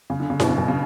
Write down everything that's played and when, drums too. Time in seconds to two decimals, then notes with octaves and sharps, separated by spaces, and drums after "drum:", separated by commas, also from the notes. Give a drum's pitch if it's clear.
0.10 C#3
0.20 D3
0.30 C#3
0.40 B2, drum: snare E4
0.48 C#3
0.58 B2
0.68 C#3